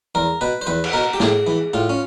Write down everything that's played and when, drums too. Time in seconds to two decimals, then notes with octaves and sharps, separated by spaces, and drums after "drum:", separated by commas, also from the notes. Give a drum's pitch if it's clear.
0.15 E2 A#4
0.41 B2 B4
0.61 C5
0.67 E2 B4
0.84 drum: cymbal
0.93 B2 A#4
1.13 G4
1.20 A2 G#4, drum: snare
1.47 E3
1.74 A2 F4
1.89 C#4